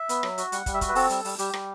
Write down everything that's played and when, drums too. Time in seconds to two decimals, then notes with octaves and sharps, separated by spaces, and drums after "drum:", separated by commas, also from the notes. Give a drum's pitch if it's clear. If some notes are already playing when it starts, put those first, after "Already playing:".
Already playing: E5
0.09 B3, drum: hi-hat
0.23 F#3, drum: rim click
0.38 F#4, drum: hi-hat
0.52 G3 F#5, drum: hi-hat
0.66 G3, drum: kick, hi-hat
0.74 E5
0.81 F#4, drum: kick, hi-hat
0.88 B4
0.95 C4 A4, drum: open hi-hat
1.10 G3, drum: hi-hat
1.25 G3, drum: open hi-hat
1.39 G3 G4, drum: hi-hat
1.53 G3, drum: rim click